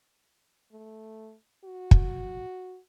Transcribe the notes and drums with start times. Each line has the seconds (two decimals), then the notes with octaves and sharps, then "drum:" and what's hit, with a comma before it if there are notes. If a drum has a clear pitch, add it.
0.72 A3
1.64 F#4
1.91 drum: kick